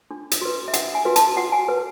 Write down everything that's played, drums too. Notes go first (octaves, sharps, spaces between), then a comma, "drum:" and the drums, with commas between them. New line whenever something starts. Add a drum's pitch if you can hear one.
D4
drum: hi-hat
F#4 B4
E5
D4 F#5, drum: hi-hat
G#5
F#4 B4
A5, drum: hi-hat
F#4 F#5
G#5
B4